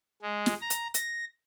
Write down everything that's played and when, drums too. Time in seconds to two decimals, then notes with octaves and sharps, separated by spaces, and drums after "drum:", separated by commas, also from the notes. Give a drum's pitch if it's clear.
0.22 G#3
0.46 drum: snare
0.61 A#5
0.70 drum: hi-hat
0.94 A#6, drum: hi-hat